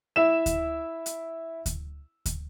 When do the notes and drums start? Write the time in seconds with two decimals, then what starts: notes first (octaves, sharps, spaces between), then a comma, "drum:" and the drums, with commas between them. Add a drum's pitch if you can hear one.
0.16 E4 E5 E7
0.46 drum: kick D2, hi-hat
1.06 drum: hi-hat
1.66 drum: kick D2, hi-hat
2.26 drum: kick D2, hi-hat